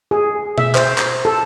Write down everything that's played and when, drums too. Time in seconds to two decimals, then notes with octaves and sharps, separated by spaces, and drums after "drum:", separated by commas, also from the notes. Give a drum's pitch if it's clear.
0.11 G#4
0.58 E5, drum: tom B2
0.75 C5, drum: clap
0.98 drum: clap
1.25 A4